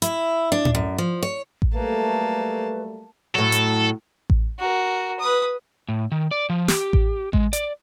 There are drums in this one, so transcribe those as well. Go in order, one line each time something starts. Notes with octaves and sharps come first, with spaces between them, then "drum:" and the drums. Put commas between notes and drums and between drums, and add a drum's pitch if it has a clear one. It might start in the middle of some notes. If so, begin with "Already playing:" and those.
E4, drum: hi-hat
D4
drum: tom A2
F#2
F3
C#5
drum: kick A1
F#3 G3 A3 A#3 A4 B4 A5
A2 F#3 A4
drum: hi-hat
drum: kick A1
F#4 A#4
B4 D#6
A2
D#3
D5
F3
G4, drum: snare
drum: kick A1
G#3, drum: kick A1
D5, drum: hi-hat